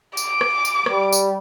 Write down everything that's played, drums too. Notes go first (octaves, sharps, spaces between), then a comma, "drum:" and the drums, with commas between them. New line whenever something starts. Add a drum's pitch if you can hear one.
D6, drum: tambourine
drum: rim click
drum: tambourine
G3, drum: rim click
drum: tambourine